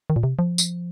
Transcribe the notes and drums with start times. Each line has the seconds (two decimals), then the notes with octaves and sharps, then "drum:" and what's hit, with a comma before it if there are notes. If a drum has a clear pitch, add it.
0.10 D#3
0.16 A#2
0.23 C3
0.39 F3
0.58 drum: tambourine